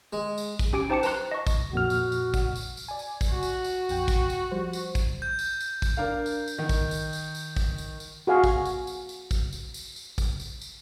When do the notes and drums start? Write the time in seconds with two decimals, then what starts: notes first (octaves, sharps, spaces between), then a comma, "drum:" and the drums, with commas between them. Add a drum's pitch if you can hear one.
0.13 G#3
0.38 drum: tambourine
0.59 drum: kick, tambourine
0.73 C#4 G4 G#5 D6 D7
0.90 D#4 C5 G5 A5 D6 C#7
1.03 B4 A5 A#5 C6 F#6, drum: tambourine
1.31 D#5 C#6
1.47 drum: kick, tambourine
1.73 F2 A#2 F#4 F6
1.90 drum: tambourine
2.12 drum: tambourine
2.34 drum: kick, tambourine
2.55 drum: tambourine
2.77 drum: tambourine
2.88 D5 G#5
2.99 drum: tambourine
3.21 drum: kick, tambourine
3.30 F#4
3.43 drum: tambourine
3.64 drum: tambourine
3.89 A#1 F2 G5, drum: tambourine
4.08 drum: kick, tambourine
4.30 drum: tambourine
4.51 F3 G3 C5
4.73 drum: tambourine
4.95 drum: kick, tambourine
5.22 G6
5.39 drum: tambourine
5.60 drum: tambourine
5.82 drum: kick, tambourine
5.97 D4 A#4 F5
6.26 drum: tambourine
6.48 drum: tambourine
6.58 D#3
6.69 drum: kick, tambourine
6.91 drum: tambourine
7.13 drum: tambourine
7.35 drum: tambourine
7.57 drum: kick, tambourine
7.78 drum: tambourine
8.00 drum: tambourine
8.27 F#4 G#4 F5 G#5
8.44 drum: kick, tambourine
8.65 drum: tambourine
8.87 drum: tambourine
9.09 drum: tambourine
9.31 drum: kick, tambourine
9.53 drum: tambourine
9.74 drum: tambourine
9.96 drum: tambourine
10.18 drum: kick, tambourine
10.40 drum: tambourine
10.61 drum: tambourine